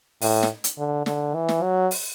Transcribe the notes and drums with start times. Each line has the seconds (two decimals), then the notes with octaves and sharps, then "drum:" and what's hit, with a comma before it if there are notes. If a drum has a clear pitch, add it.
0.21 A2, drum: open hi-hat
0.43 drum: snare
0.64 drum: hi-hat
0.78 D3
1.06 D3, drum: snare
1.35 E3
1.49 drum: snare
1.62 F#3
1.91 drum: open hi-hat